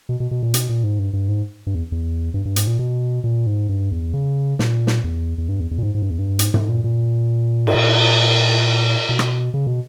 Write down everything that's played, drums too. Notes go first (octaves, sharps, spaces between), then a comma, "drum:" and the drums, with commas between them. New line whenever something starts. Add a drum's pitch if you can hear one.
B2
B2
B2
A#2
B2, drum: hi-hat
A#2
G#2
G2
G2
G#2
G2
E2
E2
G2
G2
G#2, drum: hi-hat
A#2
B2
A#2
G#2
G2
E2
C#3
A#2, drum: snare
drum: snare
E2
E2
G2
E2
E2
A#2
G#2
G#2
G2
E2
G2
G#2, drum: hi-hat
G#2, drum: tom
A#2
A#2
G#2, drum: cymbal
A#2
B2
drum: rim click
C#3
B2